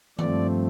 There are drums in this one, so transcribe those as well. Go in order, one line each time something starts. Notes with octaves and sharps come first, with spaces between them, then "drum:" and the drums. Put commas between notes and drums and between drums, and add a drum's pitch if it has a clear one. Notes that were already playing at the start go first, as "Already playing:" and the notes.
G2 F3 A3 C4 D5, drum: tom D#3